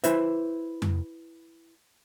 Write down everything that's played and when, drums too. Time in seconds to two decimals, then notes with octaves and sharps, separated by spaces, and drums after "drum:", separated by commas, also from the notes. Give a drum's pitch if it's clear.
0.04 E4 B4 C5 E5, drum: hi-hat
0.82 drum: tom F2